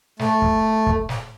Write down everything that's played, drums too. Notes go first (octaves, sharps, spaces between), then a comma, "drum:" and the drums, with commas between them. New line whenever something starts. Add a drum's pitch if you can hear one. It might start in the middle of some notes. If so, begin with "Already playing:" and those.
A3, drum: snare
drum: kick
drum: kick
drum: snare